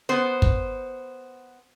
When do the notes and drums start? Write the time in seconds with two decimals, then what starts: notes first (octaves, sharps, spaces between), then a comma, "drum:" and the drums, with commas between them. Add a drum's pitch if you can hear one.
0.09 B3 C5
0.42 drum: kick